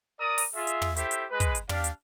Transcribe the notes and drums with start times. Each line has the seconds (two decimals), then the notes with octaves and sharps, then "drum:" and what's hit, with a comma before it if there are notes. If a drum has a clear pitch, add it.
0.20 A#4 D5 A#5 D#6
0.38 drum: open hi-hat
0.56 F4 G#4 E5
0.67 drum: hi-hat
0.82 drum: tom
0.96 E4 G4 A4 C5 E5, drum: hi-hat
1.11 drum: hi-hat
1.31 G#3 B4
1.40 drum: kick, hi-hat
1.55 drum: hi-hat
1.69 D4 G4 D5 F5, drum: tom
1.84 drum: hi-hat